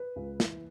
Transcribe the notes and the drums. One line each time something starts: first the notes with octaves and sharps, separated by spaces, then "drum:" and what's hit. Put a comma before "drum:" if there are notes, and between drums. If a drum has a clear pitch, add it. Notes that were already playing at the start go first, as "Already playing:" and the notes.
Already playing: B4
C#2
E3, drum: snare